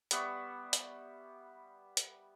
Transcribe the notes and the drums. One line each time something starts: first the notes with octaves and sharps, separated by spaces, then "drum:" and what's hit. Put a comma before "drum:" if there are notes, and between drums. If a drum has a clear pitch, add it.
G3 B3 E5 C#6, drum: hi-hat
drum: hi-hat
drum: hi-hat